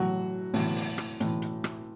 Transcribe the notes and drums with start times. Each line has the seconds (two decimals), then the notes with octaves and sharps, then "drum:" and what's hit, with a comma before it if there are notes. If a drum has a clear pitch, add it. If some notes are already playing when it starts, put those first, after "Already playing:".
Already playing: A2 E3 F#3 F#4
0.54 A2 E3, drum: open hi-hat
0.76 drum: open hi-hat
0.98 drum: rim click
1.20 A2 E3, drum: hi-hat
1.42 drum: hi-hat
1.64 drum: rim click